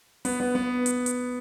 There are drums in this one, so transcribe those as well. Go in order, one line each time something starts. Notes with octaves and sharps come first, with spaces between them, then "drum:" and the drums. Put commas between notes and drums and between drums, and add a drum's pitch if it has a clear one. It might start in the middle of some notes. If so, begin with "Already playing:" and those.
B3, drum: open hi-hat
B3
B3
drum: hi-hat
drum: hi-hat